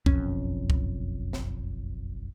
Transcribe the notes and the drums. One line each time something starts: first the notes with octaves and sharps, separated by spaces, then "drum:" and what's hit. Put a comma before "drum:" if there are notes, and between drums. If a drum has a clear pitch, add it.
F#1 B1 F2 C#4, drum: kick C2
drum: kick C2
drum: snare